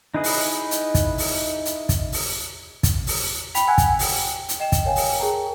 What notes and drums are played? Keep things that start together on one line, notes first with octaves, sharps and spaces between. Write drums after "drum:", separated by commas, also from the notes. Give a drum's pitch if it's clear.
D#4 E4 G#4 B4 D#5
drum: open hi-hat
drum: hi-hat
drum: kick, hi-hat
drum: open hi-hat
drum: hi-hat
drum: kick, hi-hat
drum: open hi-hat
drum: kick, hi-hat
drum: open hi-hat
G5 B5 B6 F7, drum: hi-hat
F#5 G#5 E6 F#6 G#6
drum: kick, hi-hat
G5, drum: open hi-hat
drum: hi-hat
D#5 G5 E7
drum: kick, hi-hat
A#4 C#5 F5 G5 G#5
drum: open hi-hat
G#4 A#4 G5 A5 A#5